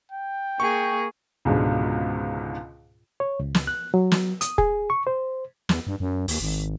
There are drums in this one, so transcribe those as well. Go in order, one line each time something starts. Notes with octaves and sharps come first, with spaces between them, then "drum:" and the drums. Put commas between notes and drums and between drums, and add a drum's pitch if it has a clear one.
G5
A#3 G#4 C#6
C#2 G#2 B2 D3
C#5
C#2
drum: snare
F#6
F#3
drum: snare
D#6, drum: hi-hat
G#4, drum: kick
C#6
C5
E2, drum: snare
G2
F#2
D#2, drum: open hi-hat
G#1